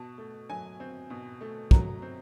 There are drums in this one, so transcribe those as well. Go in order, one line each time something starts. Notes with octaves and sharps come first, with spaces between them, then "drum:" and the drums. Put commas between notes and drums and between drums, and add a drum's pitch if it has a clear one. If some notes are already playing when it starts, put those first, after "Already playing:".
Already playing: B2 A5
A3
F#3 G#5
C4
B2
A3
F#3 A#5, drum: kick
C4